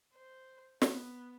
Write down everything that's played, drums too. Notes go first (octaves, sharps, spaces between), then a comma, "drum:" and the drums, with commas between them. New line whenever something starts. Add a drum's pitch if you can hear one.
C5
B3, drum: snare